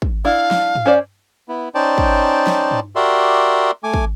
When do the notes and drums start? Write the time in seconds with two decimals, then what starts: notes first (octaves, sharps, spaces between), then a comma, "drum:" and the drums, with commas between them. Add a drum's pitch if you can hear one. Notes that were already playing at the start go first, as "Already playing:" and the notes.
0.02 drum: kick
0.25 D4 E4 F5
0.51 drum: snare
0.75 drum: tom
0.86 C#4 C5 D5
1.49 B3 E4
1.75 C#4 D#4 C5 D5 G5 A5
1.98 drum: kick
2.47 drum: snare
2.71 drum: tom
2.96 F#4 G4 A#4 D5 E5 C6
3.84 A3 G#5 D6
3.94 drum: kick